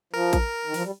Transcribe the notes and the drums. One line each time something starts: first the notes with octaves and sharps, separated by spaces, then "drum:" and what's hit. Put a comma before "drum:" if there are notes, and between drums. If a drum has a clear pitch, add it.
F3 A#4
drum: kick A1, hi-hat
D#3
F3, drum: open hi-hat
G3